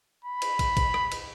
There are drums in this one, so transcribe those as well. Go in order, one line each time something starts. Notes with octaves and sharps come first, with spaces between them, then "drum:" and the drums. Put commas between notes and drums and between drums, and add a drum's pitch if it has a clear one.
B5
drum: cymbal
drum: kick, cymbal
drum: kick, cymbal
drum: rim click
drum: cymbal